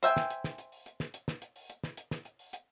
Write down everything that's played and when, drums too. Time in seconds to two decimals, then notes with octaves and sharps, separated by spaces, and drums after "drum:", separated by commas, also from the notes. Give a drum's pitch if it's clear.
0.03 C5 E5 G5 G#5, drum: hi-hat
0.17 drum: snare
0.30 drum: hi-hat
0.44 drum: snare
0.58 drum: hi-hat
0.72 drum: open hi-hat
0.86 drum: hi-hat
1.00 drum: snare
1.14 drum: hi-hat
1.28 drum: snare
1.42 drum: hi-hat
1.56 drum: open hi-hat
1.70 drum: hi-hat
1.84 drum: snare
1.97 drum: hi-hat
2.11 drum: snare
2.25 drum: hi-hat
2.39 drum: open hi-hat
2.53 drum: hi-hat